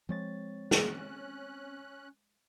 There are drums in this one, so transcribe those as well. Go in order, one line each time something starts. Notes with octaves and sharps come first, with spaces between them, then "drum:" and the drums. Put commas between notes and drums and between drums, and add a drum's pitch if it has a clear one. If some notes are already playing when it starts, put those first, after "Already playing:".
F3 G#3 C4 C#5 A6
C#4 F#6, drum: snare